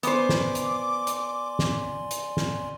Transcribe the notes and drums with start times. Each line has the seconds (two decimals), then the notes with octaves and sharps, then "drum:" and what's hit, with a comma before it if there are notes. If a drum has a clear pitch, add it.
0.03 B3 C5 D5 G#5 C6 D6, drum: hi-hat
0.29 drum: snare
0.55 drum: hi-hat
1.07 drum: hi-hat
1.59 drum: snare
2.11 drum: hi-hat
2.37 drum: snare